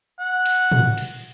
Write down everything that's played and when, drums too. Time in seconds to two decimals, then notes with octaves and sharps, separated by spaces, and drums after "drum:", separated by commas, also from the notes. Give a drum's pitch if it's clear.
0.20 F#5
0.46 drum: cymbal
0.72 drum: tom
0.98 drum: cymbal